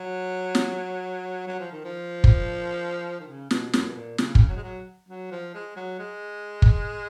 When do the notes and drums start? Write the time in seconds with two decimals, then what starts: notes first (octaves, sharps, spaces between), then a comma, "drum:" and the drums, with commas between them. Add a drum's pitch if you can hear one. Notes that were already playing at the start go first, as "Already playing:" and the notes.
Already playing: F#3
0.55 drum: snare
1.48 F#3
1.60 F3
1.72 D#3
1.85 F3
2.24 drum: kick
3.20 D#3
3.28 C#3
3.51 B2, drum: snare
3.73 F#2, drum: snare
3.87 B2
3.96 A#2
4.18 C#3, drum: snare
4.35 drum: kick
4.49 F#3
4.57 G#3
4.63 F#3
5.09 F#3
5.31 F3
5.54 G#3
5.76 F#3
5.99 G#3
6.62 drum: kick